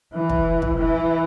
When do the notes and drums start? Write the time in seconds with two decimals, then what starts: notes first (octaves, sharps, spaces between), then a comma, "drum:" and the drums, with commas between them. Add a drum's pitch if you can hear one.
0.13 E3
0.30 drum: kick
0.62 drum: kick
0.78 E3